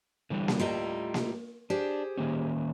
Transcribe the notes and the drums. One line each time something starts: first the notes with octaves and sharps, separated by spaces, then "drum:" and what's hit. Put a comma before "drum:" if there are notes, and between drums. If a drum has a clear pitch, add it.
D3 E3 G3
drum: snare A#3
A2 G3 F4 D#5 A#5
drum: snare A#3
D4 G4 G#4 C5
D#3 A#3 C#4